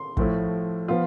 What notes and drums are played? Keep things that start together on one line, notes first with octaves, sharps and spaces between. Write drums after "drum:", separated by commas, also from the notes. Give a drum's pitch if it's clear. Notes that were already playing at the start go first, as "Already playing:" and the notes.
Already playing: C6
A2 F3 A3 E4, drum: kick
F3 B3 F4